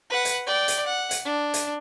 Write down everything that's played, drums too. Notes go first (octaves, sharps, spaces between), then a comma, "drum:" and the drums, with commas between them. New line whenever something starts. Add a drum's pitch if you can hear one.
B4 F#5
drum: hi-hat
D5 G5
drum: hi-hat
F#5
drum: hi-hat
D4
drum: hi-hat